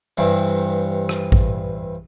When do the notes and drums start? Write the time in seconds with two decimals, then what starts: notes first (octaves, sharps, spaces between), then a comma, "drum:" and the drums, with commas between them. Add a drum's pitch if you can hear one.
0.18 G2 C3 E3
1.09 drum: rim click
1.32 drum: kick A1